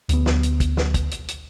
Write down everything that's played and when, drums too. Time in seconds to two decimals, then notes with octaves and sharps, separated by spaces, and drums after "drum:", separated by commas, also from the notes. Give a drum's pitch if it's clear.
0.09 D2 B3, drum: hi-hat
0.26 drum: snare
0.43 drum: hi-hat
0.60 drum: kick, hi-hat
0.77 drum: snare
0.94 drum: kick, hi-hat
1.11 drum: hi-hat
1.28 drum: hi-hat